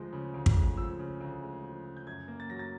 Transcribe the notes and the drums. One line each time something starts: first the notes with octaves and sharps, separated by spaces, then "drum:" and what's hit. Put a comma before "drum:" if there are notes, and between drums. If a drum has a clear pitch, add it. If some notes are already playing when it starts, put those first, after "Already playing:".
Already playing: D2 F3 G#3
C#3
D2
drum: kick
G#3
F3 E6
C#3
D2
G#3
F3
C#3
G6
F#2 G#6
A#3
A6
F#3 A#6
A6